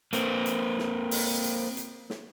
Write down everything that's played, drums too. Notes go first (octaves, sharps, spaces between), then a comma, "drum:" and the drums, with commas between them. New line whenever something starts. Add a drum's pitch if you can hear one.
A#3 C4, drum: hi-hat
drum: hi-hat
drum: snare
drum: open hi-hat
drum: hi-hat
drum: hi-hat
drum: snare